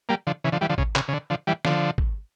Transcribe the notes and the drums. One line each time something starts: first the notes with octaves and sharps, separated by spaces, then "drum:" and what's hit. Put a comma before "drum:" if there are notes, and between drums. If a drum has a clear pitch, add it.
G3 A#3
D3 F3
C#3 E3
D3 F3
E3 G3
D3 F3
C#3, drum: kick
C#3, drum: clap
C#3
D3
D3 F3
E3 G3
D3 F3, drum: snare
drum: kick